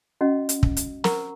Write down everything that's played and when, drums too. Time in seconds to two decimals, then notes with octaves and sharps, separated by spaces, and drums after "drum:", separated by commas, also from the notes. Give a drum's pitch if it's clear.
0.21 C#4 F#4 D#5 F#5
0.49 drum: hi-hat
0.63 drum: kick
0.77 drum: hi-hat
1.04 A#4 F#5 A#5 C#6, drum: snare